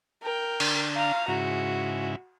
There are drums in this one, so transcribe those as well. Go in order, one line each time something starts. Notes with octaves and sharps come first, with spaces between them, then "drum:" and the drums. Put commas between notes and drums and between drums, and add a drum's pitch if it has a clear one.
A#4 G5
D3 D4, drum: cymbal
F5 A#5
G#2 C#3 E4 F#4